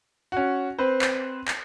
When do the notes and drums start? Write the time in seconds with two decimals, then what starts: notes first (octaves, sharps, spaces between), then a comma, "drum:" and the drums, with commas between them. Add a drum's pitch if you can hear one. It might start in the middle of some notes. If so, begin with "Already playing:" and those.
0.32 C#4 F#4
0.78 C4 B4 C5
1.02 drum: clap
1.48 drum: clap